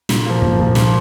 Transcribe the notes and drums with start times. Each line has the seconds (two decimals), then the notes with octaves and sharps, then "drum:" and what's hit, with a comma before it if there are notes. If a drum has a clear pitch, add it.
0.09 A#2, drum: snare
0.26 F3 A#3
0.42 A#2, drum: kick
0.59 F3 A#3, drum: kick
0.75 A#2, drum: snare